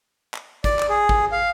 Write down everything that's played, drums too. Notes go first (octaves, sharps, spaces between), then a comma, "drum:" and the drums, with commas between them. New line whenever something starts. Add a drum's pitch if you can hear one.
drum: clap
D5, drum: kick, hi-hat
drum: clap
G#4
drum: kick
F5